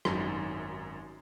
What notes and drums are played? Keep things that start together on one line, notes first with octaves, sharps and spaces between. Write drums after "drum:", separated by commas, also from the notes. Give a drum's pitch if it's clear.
G#1 F#2 D#4, drum: rim click